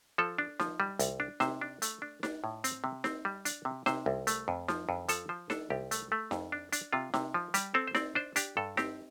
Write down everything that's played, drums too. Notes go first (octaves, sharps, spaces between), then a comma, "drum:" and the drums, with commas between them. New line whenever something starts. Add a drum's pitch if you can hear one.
F3 A4
D4
F3, drum: snare D#4
G3
C2, drum: hi-hat
D4
C3 C5, drum: snare D#4
D4
A3, drum: hi-hat
D4
D4, drum: snare D#4
A2
C4, drum: hi-hat
C3
C4, drum: snare D#4
G3
D4, drum: hi-hat
C3
C3 C5, drum: snare D#4
C2
A3, drum: hi-hat
F2
F3, drum: snare D#4
F2
F3 A4, drum: hi-hat
F3 C5
D4 A4, drum: snare D#4
C2 G4
A3, drum: hi-hat
A3
F2, drum: snare D#4
D4
D4, drum: hi-hat
C3 F4
C3, drum: snare D#4
F3
G3 G4, drum: hi-hat
C4 A4
C5
C4 D5, drum: snare D#4
D4 C5
D4 G4, drum: hi-hat
G2 A4
C4 G4, drum: snare D#4